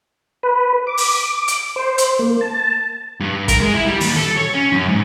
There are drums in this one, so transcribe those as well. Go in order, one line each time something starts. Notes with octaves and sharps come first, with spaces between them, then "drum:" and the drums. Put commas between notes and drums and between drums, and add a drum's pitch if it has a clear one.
B4
D6
drum: open hi-hat
drum: hi-hat
C5
drum: hi-hat
A#3
A5
G2
A#4, drum: kick, hi-hat
G#3
E4
G3
D#2, drum: open hi-hat
A4
C#5
C#4
F#2
G#2